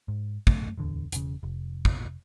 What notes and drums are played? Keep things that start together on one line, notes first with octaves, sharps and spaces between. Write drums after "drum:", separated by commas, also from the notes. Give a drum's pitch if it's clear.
G#2
F#2 A3, drum: kick
D1 E2 D3
E1 C#3, drum: hi-hat
F1
drum: kick